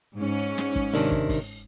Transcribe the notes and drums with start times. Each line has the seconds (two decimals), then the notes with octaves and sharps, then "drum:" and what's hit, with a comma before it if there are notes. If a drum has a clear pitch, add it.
0.18 G#2 C#4
0.58 drum: snare
0.76 drum: kick
0.93 C3 D#3 D4, drum: hi-hat
1.11 drum: kick
1.29 drum: kick, open hi-hat